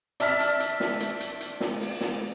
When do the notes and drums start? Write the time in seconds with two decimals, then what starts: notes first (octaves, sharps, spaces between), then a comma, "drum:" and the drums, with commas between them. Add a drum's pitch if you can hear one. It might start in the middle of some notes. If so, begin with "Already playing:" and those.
0.20 D5 E5 A5 F6 B6, drum: hi-hat
0.40 drum: hi-hat
0.60 drum: hi-hat
0.80 drum: snare
1.00 drum: hi-hat
1.20 drum: hi-hat
1.40 drum: hi-hat
1.60 drum: snare
1.81 drum: open hi-hat
2.01 drum: snare